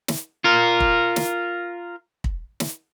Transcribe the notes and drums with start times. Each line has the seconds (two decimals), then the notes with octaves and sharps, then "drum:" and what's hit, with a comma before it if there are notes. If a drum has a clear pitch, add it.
0.08 drum: snare
0.44 F4 A#4
0.80 drum: kick
1.16 drum: snare
2.24 drum: kick
2.60 drum: snare